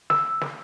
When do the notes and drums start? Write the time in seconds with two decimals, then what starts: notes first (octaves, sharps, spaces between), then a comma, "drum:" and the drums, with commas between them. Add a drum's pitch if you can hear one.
0.10 E6, drum: snare
0.41 drum: snare